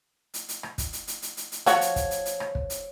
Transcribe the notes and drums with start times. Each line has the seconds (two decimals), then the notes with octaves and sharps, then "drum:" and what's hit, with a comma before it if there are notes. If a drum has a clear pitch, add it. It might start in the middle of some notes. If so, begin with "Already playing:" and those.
0.34 drum: hi-hat
0.48 drum: hi-hat
0.63 drum: rim click
0.78 drum: kick, hi-hat
0.93 drum: hi-hat
1.07 drum: hi-hat
1.22 drum: hi-hat
1.37 drum: hi-hat
1.52 drum: hi-hat
1.66 F3 F#4 C#5, drum: hi-hat
1.81 drum: hi-hat
1.96 drum: kick, hi-hat
2.11 drum: hi-hat
2.25 drum: hi-hat
2.40 drum: rim click
2.55 drum: kick
2.70 drum: hi-hat